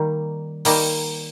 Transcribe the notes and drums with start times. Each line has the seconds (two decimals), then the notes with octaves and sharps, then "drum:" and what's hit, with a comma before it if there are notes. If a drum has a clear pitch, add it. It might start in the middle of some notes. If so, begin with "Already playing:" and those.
Already playing: D#3 G3 A#3
0.65 D#3 G3 A#3, drum: open hi-hat